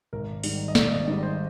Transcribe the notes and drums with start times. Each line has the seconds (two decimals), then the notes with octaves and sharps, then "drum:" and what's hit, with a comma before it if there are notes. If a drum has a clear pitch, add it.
0.13 G#1 A#4
0.44 G#2 D#3 G3, drum: open hi-hat
0.68 D#5
0.75 G#1 D5, drum: snare
0.92 D#5
1.07 G#2 D#3 G3 D5
1.23 C5